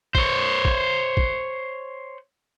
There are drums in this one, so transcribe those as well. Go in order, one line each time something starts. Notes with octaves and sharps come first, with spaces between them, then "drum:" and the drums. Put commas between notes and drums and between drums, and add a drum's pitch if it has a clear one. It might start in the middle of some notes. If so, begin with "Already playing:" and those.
C5 C#5, drum: kick
drum: kick
drum: kick